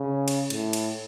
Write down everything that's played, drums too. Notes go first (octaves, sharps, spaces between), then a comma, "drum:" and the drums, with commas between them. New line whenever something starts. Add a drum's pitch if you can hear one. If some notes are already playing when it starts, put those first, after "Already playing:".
Already playing: C#3
drum: cymbal
A2, drum: cymbal
drum: cymbal